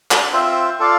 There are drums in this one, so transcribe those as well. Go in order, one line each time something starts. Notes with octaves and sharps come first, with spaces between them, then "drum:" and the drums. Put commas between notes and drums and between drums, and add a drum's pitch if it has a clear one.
drum: clap
C4 F4 C5 E5
F4 A4 D5 F5